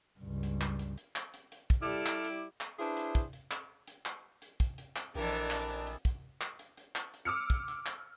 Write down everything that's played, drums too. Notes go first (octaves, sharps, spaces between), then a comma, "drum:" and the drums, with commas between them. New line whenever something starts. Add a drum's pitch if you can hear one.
C#2 G2
drum: hi-hat
drum: clap
drum: hi-hat
drum: hi-hat
drum: clap
drum: hi-hat
drum: hi-hat
drum: kick, hi-hat
G3 E4 A4 D6 E6 F6
drum: clap
drum: hi-hat
drum: clap
D4 E4 G#4 B4 C5, drum: hi-hat
drum: hi-hat
drum: kick, hi-hat
drum: hi-hat
drum: clap
drum: hi-hat
drum: clap
drum: hi-hat
drum: kick, hi-hat
drum: hi-hat
drum: clap
A#1 F2 E3 D4 G4 A#4 D5 A5
drum: hi-hat
drum: clap
drum: hi-hat
drum: hi-hat
drum: kick, hi-hat
drum: clap
drum: hi-hat
drum: hi-hat
drum: clap
drum: hi-hat
D6 E6 F6 C#7
drum: kick, hi-hat
drum: hi-hat
drum: clap